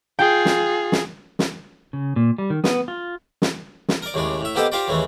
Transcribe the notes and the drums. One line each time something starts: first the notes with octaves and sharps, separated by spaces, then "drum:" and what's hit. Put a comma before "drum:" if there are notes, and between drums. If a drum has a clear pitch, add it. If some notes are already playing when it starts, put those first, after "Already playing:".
F4 G#4 G5
drum: snare
drum: snare
drum: snare
C#3
A#2
G3
D#3
B3, drum: snare
F4
drum: snare
drum: snare
A#4 D5
D#2 A2 C#3 G#3 D4
A2 E5
A#3 B3 G4 A4 C5 D#5
F4 G4 A#4 C5 D5
D#2 C#3 E3 G#3 A3